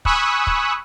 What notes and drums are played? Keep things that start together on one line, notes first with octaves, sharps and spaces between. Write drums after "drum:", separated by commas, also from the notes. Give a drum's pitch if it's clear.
G#5 B5 C#6 D#6 E6 F#6, drum: kick
drum: kick